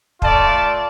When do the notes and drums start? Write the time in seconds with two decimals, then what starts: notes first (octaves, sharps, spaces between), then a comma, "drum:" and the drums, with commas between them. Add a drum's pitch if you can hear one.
0.22 A3 F4 D5 A5, drum: kick